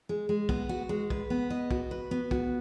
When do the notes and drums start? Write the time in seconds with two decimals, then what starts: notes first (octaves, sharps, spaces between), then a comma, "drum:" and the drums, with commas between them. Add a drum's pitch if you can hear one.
0.09 G#3
0.29 G#3
0.49 B3, drum: kick
0.69 F#4
0.89 G#3
1.10 B4, drum: kick
1.30 B3
1.50 D#5
1.71 F#4, drum: kick
1.91 B4
2.11 B3
2.31 F#4, drum: kick